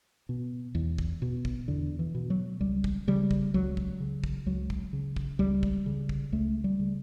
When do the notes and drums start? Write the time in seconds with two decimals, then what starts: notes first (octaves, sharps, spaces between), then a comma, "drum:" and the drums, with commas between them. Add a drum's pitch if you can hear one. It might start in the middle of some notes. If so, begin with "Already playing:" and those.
0.29 B2
0.75 E2
0.98 drum: kick
1.22 B2
1.45 drum: kick
1.68 E2 D3
1.99 E3
2.15 B2
2.30 F#3
2.61 C#2 G3
2.84 drum: kick
3.08 C#3 G3
3.31 drum: kick
3.54 C#2 F#3
3.77 drum: kick
4.00 C#3
4.24 drum: kick
4.46 C#2 F#3
4.70 drum: kick
4.93 C#3
5.16 drum: kick
5.39 C#2 G3
5.63 drum: kick
5.86 C#3
6.09 drum: kick
6.32 C#2 A3
6.64 G3
6.79 C#3